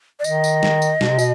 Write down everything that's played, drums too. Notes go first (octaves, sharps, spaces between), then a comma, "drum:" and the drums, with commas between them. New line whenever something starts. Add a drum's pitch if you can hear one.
D5
D#3 D#5, drum: tambourine
drum: tambourine
drum: snare
drum: tambourine
B2, drum: snare
C3
B2, drum: tambourine